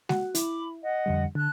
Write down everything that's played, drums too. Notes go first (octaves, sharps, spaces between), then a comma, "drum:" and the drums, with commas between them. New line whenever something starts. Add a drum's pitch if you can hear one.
F#4 F#5, drum: snare G#3
E4 B5 D6, drum: hi-hat
D#5 F#5
F2 D3 G3
D3 A5 F#6